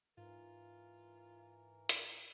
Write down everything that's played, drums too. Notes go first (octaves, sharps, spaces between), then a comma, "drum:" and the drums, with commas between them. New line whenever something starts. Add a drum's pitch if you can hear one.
G#2 E3 F4 A#4
drum: hi-hat